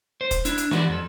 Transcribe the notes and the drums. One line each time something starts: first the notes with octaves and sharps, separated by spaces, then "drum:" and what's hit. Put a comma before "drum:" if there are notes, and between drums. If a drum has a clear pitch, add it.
C5
drum: kick, hi-hat
D4 E4, drum: hi-hat
drum: hi-hat
E3 F3 F#4 G4 D5, drum: snare
F2 A4